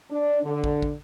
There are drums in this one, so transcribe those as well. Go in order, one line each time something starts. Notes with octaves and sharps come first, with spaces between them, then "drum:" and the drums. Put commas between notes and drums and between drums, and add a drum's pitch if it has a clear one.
D4
D3
drum: kick
drum: kick